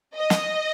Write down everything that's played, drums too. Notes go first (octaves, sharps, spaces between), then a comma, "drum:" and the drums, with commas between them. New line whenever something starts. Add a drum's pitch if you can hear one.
D#5
drum: snare